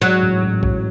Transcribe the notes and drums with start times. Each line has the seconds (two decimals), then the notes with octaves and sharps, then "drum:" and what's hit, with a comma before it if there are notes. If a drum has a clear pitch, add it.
0.01 G#2 F#3
0.22 A1
0.42 A1
0.63 A1, drum: kick